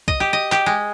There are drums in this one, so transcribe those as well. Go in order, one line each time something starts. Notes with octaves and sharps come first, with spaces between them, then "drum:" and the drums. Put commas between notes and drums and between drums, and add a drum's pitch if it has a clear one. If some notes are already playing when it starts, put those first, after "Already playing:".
D#5, drum: kick
G4
D#5
G4, drum: clap
G#3